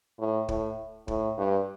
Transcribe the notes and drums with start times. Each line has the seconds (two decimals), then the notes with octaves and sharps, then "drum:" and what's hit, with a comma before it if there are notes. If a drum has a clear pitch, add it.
0.19 A2
0.49 A2, drum: kick
1.08 A2, drum: kick
1.38 G2